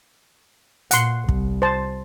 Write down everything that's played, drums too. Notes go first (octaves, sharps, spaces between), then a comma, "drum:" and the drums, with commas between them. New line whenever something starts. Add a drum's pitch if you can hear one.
A#2 F#5 C6, drum: hi-hat
C2, drum: kick
C5 A5